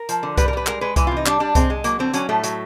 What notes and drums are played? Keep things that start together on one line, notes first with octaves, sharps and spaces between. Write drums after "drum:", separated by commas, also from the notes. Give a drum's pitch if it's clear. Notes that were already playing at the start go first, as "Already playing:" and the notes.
Already playing: A#4
F3, drum: hi-hat
D3
G3 B4, drum: kick C2, hi-hat
A#4
G3 B4
G#3 A#4, drum: clap
G#3 B4
E3 B4, drum: kick C2, hi-hat
F4
C3
D#4
G3 D4, drum: clap
G3 D4
G#3 C4, drum: kick C2, hi-hat
G#3
F#3 A#3, drum: hi-hat
D3 C4
F#3 C#4, drum: hi-hat
A2 A3
F#3, drum: hi-hat